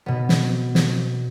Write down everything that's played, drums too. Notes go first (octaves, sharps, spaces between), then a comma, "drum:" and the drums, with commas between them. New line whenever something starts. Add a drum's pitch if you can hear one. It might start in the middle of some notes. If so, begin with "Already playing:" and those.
B2 B3
drum: snare
drum: snare